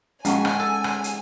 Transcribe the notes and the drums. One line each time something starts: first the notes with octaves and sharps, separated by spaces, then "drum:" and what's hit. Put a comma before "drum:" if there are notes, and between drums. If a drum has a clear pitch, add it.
A#1 G#3 C#4 F5 F#5 G#5 A5 C#6, drum: hi-hat
drum: rim click
A4
drum: rim click
drum: hi-hat